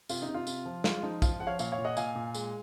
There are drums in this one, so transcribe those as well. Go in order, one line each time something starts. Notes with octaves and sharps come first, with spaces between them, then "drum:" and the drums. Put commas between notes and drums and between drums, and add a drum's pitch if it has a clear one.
C3 F4, drum: tambourine
D#4
C3
F4
C3, drum: tambourine
F3
G#3 F4, drum: snare
F3 D#4
F3 F4, drum: kick, tambourine
F3 F#5
C#5 F5
A#2 C#5 F5, drum: tambourine
C#5 F5
A#2
D#5 F#5
A#2 F5 G#5, drum: tambourine
A#2
G#3, drum: tambourine